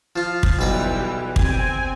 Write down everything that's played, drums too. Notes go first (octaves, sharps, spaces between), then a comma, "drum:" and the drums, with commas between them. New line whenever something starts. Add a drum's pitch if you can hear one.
F3 F4
drum: kick
B1 E3 G3 B4 A#5
C4 G#5, drum: kick